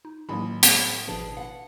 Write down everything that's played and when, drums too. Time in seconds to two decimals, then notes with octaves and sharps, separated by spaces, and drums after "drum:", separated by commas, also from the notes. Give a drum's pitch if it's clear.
0.05 D#4
0.29 A1 D#3 F#3 A#3 B5
0.63 drum: hi-hat
1.08 G#1 B2 F3 D4 G#4 B4
1.37 F5 F#5